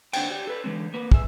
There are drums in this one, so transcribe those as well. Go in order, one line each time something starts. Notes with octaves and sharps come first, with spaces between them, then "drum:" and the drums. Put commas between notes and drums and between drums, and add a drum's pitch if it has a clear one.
D#2 D4 C5 F#5 G5, drum: cymbal
G4
A4 B4
D3 E3 G#3 C4
A#3 B4
G#4 E5, drum: kick